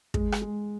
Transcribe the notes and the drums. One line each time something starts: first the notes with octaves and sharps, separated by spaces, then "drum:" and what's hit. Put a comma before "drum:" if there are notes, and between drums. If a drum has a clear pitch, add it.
G#3, drum: kick
drum: rim click
G#3